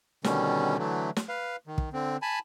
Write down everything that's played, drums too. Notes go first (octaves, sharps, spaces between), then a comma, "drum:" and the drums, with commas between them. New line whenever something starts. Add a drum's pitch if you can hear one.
B2 D3 D#3 G3 C#4, drum: snare
D3 E3 F#3 A3
drum: snare
B4 F5
D#3
drum: kick
D3 C4
G#5 A5 B5